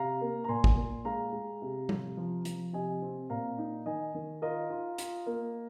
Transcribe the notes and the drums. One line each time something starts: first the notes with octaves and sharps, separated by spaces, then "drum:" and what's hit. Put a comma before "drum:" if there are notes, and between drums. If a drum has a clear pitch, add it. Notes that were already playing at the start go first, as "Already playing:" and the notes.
Already playing: C3 F5 A#5
A#3
A#5
A#2 G#5 C6
drum: kick
A#2
G#3 F5 A#5
G#3
C3
C3, drum: tom G3
F3
F3, drum: hi-hat
C3 D#5 G#5
C4
A#2 F5 A#5
D#4
D#3 D#5 G#5
D#3
F4 A#4 D#5
F4
F4, drum: hi-hat
A#3